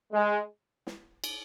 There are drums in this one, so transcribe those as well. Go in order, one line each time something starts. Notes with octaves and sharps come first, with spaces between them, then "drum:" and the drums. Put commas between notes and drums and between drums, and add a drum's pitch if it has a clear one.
G#3
drum: snare
drum: cymbal